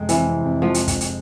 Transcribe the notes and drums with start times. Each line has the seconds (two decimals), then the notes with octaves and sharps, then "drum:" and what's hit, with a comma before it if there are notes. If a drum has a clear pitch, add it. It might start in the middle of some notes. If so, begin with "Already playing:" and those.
Already playing: F2 C3 G#3
0.09 E3 C4, drum: hi-hat
0.26 C3
0.44 F2
0.62 F3 G#3
0.74 drum: hi-hat
0.88 drum: kick, hi-hat
1.01 drum: hi-hat